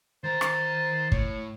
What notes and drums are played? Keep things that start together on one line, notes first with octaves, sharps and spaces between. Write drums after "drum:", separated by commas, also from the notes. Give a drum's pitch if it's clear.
D#3 C5 A#5 A6
drum: rim click
A2 C#5, drum: kick